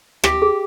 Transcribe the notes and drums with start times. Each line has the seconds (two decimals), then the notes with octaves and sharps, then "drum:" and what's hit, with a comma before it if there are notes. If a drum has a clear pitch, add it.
0.24 G4 E5, drum: rim click
0.42 G#4